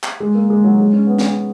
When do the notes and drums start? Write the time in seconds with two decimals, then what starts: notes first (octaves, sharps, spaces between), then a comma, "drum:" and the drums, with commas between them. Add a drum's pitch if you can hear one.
0.03 drum: clap
0.20 G#3
0.35 A#3
0.50 G#3
0.64 F#3
0.79 G#3
0.93 C#4
1.07 B3
1.18 drum: snare